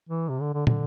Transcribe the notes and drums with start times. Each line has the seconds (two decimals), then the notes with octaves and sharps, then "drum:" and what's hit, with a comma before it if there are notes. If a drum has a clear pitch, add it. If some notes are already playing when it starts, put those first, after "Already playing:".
0.09 E3
0.29 C3
0.41 D3
0.54 D3
0.67 D3, drum: tom